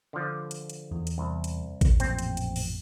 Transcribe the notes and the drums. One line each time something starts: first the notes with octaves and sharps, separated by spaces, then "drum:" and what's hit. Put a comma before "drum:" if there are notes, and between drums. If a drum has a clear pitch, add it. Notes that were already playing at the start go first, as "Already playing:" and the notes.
D3 F3
drum: hi-hat
drum: hi-hat
E2
drum: hi-hat
C2
drum: hi-hat
drum: kick A1, hi-hat
A1 F2 A#2 C4, drum: hi-hat
drum: hi-hat
drum: hi-hat
drum: open hi-hat